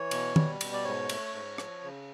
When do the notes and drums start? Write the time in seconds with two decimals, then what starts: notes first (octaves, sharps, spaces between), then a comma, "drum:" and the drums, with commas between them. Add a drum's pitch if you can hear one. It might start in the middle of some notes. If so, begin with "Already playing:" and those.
Already playing: E3 C#5
0.11 B2, drum: cymbal
0.36 G3, drum: tom
0.61 B2, drum: cymbal
0.73 D5
0.85 G#2 C#5
1.09 A3, drum: cymbal
1.34 G#2
1.58 F3, drum: rim click
1.83 C#3